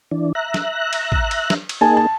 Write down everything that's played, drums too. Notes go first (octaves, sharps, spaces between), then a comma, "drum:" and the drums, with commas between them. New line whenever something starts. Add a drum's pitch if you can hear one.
E3 D4
E5 A#5 F#6
drum: snare
drum: cymbal
drum: kick
drum: cymbal
drum: snare
drum: cymbal
A#3 D#4 G#4 G#5 A5
A5